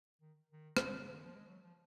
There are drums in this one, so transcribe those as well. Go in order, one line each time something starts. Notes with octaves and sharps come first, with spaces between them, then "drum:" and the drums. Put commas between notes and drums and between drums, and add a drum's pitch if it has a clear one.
D#3
D#3
C#3, drum: rim click
D#3
C#3
D#3
F3
G#3
F#3
F3